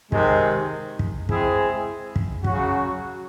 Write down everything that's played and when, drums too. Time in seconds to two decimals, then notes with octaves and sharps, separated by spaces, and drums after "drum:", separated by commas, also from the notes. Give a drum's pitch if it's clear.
0.12 C3 D#3 G#3, drum: kick
0.99 drum: kick
1.29 G#3 C4 E4 G#4, drum: kick
2.16 drum: kick
2.44 C#3 F#3 C#4 F#4, drum: kick